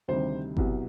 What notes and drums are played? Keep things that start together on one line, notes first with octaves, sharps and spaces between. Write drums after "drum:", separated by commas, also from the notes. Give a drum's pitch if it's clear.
D2 C3 D#3 G3 C5
C2 B2 F#3, drum: kick G1